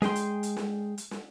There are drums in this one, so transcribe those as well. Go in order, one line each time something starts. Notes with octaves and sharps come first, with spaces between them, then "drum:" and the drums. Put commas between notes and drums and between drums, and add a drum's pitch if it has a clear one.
G#3 G#4 G5 C6, drum: snare
drum: hi-hat
drum: hi-hat
drum: snare
drum: hi-hat
drum: snare